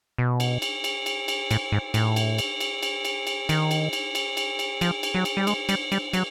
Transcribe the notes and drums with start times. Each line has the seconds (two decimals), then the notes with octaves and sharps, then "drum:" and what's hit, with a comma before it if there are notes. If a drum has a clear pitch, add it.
0.18 B2
0.40 drum: cymbal
0.62 drum: cymbal
0.84 drum: cymbal
1.06 drum: cymbal
1.28 drum: cymbal
1.51 A2, drum: cymbal
1.72 G#2
1.94 A2, drum: cymbal
2.16 drum: cymbal
2.38 drum: cymbal
2.60 drum: cymbal
2.83 drum: cymbal
3.05 drum: cymbal
3.27 drum: cymbal
3.49 D#3, drum: cymbal
3.71 drum: cymbal
3.93 drum: cymbal
4.15 drum: cymbal
4.37 drum: cymbal
4.59 drum: cymbal
4.81 F3, drum: cymbal
5.03 drum: cymbal
5.15 F#3
5.25 drum: cymbal
5.37 G3
5.47 G#3, drum: cymbal
5.69 G3, drum: cymbal
5.92 G3, drum: cymbal
6.13 F#3, drum: cymbal